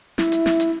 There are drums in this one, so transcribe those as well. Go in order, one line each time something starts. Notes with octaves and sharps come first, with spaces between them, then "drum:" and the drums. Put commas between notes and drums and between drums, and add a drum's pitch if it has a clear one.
E4, drum: snare
drum: hi-hat
drum: snare
drum: hi-hat